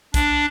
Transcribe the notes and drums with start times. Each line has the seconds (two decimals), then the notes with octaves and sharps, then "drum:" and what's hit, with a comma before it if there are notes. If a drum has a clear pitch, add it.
0.14 D4, drum: kick B1, hi-hat